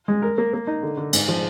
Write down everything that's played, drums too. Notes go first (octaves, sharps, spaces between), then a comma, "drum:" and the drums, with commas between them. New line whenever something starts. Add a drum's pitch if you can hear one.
G#3
A#4
A#3
A#3
D#4
D3
D3
G#2, drum: cymbal
F3